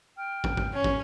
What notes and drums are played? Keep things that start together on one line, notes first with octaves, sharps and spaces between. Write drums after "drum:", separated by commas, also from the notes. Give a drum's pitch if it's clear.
G5 F6
drum: kick
drum: kick
C#4
drum: kick